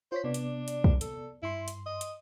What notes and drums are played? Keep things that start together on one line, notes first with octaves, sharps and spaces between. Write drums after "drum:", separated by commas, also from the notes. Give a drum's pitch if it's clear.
F4 C5 C#5 B6
C3 B3 D4 D5
drum: hi-hat
drum: hi-hat
drum: kick
A4, drum: hi-hat
G2 E4 C6
drum: hi-hat
D#5
drum: hi-hat